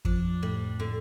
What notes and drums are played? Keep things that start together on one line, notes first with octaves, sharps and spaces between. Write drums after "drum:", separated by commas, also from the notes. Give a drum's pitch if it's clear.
F2 F3 D4, drum: kick G1
A2 G3 A3
A2 D3 A3